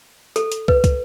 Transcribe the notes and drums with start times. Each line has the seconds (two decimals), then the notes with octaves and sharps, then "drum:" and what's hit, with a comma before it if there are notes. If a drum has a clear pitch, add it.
0.36 A4, drum: hi-hat
0.52 drum: hi-hat
0.68 B4, drum: kick
0.84 drum: kick, hi-hat